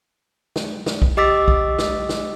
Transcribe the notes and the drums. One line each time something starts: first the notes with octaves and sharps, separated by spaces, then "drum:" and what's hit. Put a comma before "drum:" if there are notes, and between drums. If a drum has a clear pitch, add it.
drum: snare
drum: snare
drum: kick
G4 D#5 D6 E6 A6 B6
drum: kick
drum: snare
drum: snare